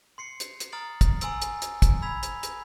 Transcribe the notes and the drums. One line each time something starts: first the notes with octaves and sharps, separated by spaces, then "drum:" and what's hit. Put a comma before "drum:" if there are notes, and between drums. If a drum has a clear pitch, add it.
C6 C7 C#7
drum: hi-hat
drum: hi-hat
A#5 D#6 F6 A6 D7 F#7
drum: kick, hi-hat
G#5 A#5 C6 E6 D7, drum: hi-hat
drum: hi-hat
drum: hi-hat
drum: kick, hi-hat
B5 E6 G#6 B6 F7
drum: hi-hat
drum: hi-hat